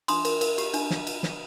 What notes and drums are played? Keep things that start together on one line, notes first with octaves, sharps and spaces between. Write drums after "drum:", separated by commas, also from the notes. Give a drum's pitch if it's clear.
D4 C6 D#6, drum: cymbal
A#4, drum: cymbal
A#4, drum: cymbal
G4, drum: cymbal
D4, drum: cymbal
drum: snare
drum: cymbal
drum: snare